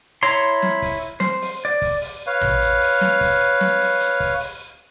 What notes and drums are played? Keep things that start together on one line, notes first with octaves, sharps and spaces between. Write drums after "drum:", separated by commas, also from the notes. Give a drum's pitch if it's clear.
E4 C#5 A#5 C6, drum: hi-hat
drum: snare
drum: kick, open hi-hat
C5, drum: snare
drum: open hi-hat
D5
drum: kick, open hi-hat
drum: open hi-hat
B4 C#5 F5
drum: tom A1
drum: hi-hat
drum: open hi-hat
drum: snare
drum: kick, open hi-hat
drum: snare
drum: open hi-hat
drum: hi-hat
drum: kick, open hi-hat
drum: open hi-hat